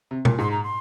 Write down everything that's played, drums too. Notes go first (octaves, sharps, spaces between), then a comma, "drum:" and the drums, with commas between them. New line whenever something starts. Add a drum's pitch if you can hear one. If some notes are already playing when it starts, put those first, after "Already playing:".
C3
A#2, drum: tom B2
G#2 C6
A#5
C6